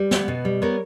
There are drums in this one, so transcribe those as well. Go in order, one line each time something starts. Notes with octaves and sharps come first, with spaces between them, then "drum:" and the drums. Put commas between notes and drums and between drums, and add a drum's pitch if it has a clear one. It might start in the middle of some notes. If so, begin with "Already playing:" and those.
Already playing: G3 B4
B3, drum: snare
B2
G3
B3 A#4 C#5